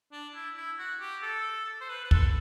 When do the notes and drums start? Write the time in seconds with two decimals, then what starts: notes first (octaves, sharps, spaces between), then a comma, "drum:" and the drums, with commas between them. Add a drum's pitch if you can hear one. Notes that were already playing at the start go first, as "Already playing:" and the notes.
0.12 D4
0.34 E4
0.57 E4
0.79 F#4
1.01 G4
1.23 A4
1.81 C5
1.89 B4
2.04 B4
2.11 A4, drum: kick